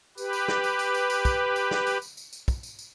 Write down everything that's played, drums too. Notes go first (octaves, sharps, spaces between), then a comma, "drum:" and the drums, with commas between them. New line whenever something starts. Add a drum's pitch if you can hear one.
G4 B4, drum: tambourine
drum: tambourine
drum: snare
drum: tambourine
drum: tambourine
drum: tambourine
drum: tambourine
drum: kick, tambourine
drum: tambourine
drum: snare
drum: tambourine
drum: tambourine
drum: tambourine
drum: tambourine
drum: kick, tambourine
drum: tambourine
drum: tambourine